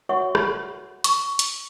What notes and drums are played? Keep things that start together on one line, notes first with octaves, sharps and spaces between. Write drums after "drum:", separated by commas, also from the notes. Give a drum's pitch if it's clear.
F#4 C#5 E5 F#5 C#6
drum: rim click
C#6, drum: hi-hat
drum: hi-hat